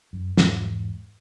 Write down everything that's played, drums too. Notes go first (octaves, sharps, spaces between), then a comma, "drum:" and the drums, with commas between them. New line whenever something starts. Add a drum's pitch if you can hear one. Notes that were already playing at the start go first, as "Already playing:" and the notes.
F#2
E2 G#2, drum: snare